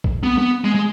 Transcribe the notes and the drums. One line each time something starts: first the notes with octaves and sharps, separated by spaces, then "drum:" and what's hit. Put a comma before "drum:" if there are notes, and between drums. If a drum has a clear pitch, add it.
drum: kick A#1
B3
B3
G#3
G#3